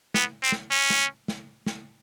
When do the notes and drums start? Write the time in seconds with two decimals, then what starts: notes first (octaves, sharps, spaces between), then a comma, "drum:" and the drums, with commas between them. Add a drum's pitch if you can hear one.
0.14 B3, drum: snare
0.43 C4
0.52 drum: snare
0.71 C#4
0.90 drum: snare
1.28 drum: snare
1.66 drum: snare